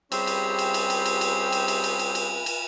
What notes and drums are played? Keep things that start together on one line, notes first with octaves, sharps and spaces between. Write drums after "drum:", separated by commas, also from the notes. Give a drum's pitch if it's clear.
G3 C4 C#4 G4 G#4, drum: cymbal
drum: cymbal
drum: cymbal
drum: cymbal
drum: cymbal
drum: cymbal
drum: cymbal
drum: cymbal
drum: cymbal
drum: cymbal
drum: cymbal
drum: cymbal
drum: cymbal